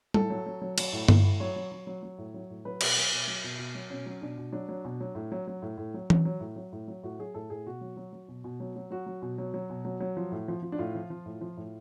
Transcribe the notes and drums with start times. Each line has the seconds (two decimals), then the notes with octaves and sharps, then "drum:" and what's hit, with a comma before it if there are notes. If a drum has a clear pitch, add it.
0.14 A2 A4, drum: tom G3
0.30 F#3
0.46 F#3
0.62 F#3
0.78 F#3, drum: cymbal
0.93 A2
1.08 A2, drum: tom G2
1.25 A2
1.40 F#3 C#5
1.56 F#3
1.72 F#3
1.87 F#3
2.03 F#3
2.18 A2
2.34 F#3
2.50 A2
2.65 F#3 B4
2.81 B2, drum: cymbal
2.97 F#3
3.12 B2
3.28 F#3
3.44 B2
3.59 B2
3.75 F#3
3.90 B2 C#4
4.06 F#3
4.22 B2 D4
4.38 B2
4.52 F#3 D4
4.69 F#3
4.85 B2
5.01 F#3
5.15 A2
5.32 F#3
5.47 F#3
5.62 A2
5.78 A2
5.94 F#3
6.10 F#3, drum: tom E3
6.25 F#3
6.40 A2
6.56 F#3
6.72 A2
6.88 F#3
7.03 A2 F#4
7.19 F#3 G#4
7.34 A2 A4
7.50 A2 G#4
7.66 B2 F#4
7.81 F#3
7.97 F#3
8.13 F#3
8.28 B2
8.44 B2
8.60 F#3
8.76 F#3
8.91 F#3 F#4
9.06 F#3
9.22 B2
9.38 F#3
9.54 F#3
9.70 B2
9.85 F#3
10.00 F#3
10.17 F3
10.32 A2
10.48 F3
10.63 F3
10.72 D4
10.78 A2 F4
10.95 F3
11.10 F3
11.26 A2
11.41 F3
11.57 A2